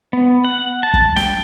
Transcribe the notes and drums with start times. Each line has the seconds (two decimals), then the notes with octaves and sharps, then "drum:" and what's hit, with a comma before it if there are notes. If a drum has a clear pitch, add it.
0.13 B3
0.45 F#5
0.83 A5
0.94 drum: kick
1.16 G5, drum: snare